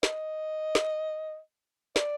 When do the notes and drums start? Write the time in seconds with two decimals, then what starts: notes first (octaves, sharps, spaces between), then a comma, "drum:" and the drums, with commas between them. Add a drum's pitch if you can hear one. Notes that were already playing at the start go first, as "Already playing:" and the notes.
0.03 D#5, drum: snare
0.75 drum: snare
1.96 D5, drum: snare